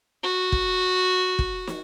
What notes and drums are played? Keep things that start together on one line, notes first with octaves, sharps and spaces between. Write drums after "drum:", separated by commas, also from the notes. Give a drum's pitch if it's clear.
F#4
drum: kick
drum: kick
drum: snare